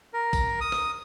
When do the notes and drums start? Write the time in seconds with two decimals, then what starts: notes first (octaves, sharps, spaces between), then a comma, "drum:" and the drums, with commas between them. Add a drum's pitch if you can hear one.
0.13 A#4
0.33 drum: kick A#1, tambourine
0.61 D#6
0.72 drum: rim click